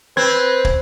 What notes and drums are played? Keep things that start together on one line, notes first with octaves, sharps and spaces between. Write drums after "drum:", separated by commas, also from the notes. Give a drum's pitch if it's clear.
C4 B4 G#6
drum: kick